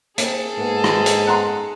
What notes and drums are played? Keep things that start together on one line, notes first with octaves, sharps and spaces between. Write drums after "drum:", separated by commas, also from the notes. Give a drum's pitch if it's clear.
A#3 C4 G#4 A4, drum: hi-hat
G#2 A#3 B3
drum: rim click
drum: hi-hat
F#5 A#5 C6